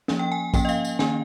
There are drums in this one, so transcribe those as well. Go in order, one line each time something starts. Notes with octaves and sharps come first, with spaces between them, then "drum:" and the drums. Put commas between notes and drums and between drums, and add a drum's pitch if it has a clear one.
F3 A#3 C#4, drum: snare
G5
G#5
F3 A#3 C#4 G5, drum: kick, tambourine
D#5
F5, drum: tambourine
drum: tambourine
D#3 A#3 C#4 G#5, drum: snare